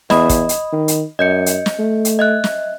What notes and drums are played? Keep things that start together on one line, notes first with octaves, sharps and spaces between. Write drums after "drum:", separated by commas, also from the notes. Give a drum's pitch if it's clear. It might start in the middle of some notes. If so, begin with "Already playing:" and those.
E2 D#5 B5 D#6, drum: snare
drum: kick, hi-hat
drum: hi-hat
D#3
drum: hi-hat
F#2 D#5 G6 C#7
drum: hi-hat
drum: snare
A3
drum: hi-hat
D#5 E5 F#6
drum: snare